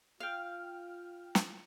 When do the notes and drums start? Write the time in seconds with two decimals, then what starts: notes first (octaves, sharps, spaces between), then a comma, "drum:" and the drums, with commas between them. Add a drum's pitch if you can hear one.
0.20 F4 F5 G5 F6
1.35 drum: snare